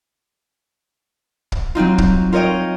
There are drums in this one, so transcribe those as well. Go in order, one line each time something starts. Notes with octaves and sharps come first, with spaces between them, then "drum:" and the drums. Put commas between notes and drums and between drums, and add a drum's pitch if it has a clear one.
drum: kick
F#3 C4 D#4 F4
drum: kick
F4 A#4 C#5 D#5 G5